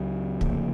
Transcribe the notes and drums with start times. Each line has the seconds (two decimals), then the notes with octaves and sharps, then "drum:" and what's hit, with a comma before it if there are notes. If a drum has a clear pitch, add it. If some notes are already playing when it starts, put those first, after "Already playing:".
Already playing: C#2 C#3 F#3
0.41 D2 C#3 F3 A#3, drum: kick